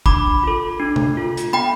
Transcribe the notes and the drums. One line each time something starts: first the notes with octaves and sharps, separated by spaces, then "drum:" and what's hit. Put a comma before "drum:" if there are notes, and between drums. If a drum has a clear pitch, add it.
D4 B5 D6, drum: kick
F4 A4
D4
drum: tom C3
F4 A4
drum: hi-hat
B3 G5 B5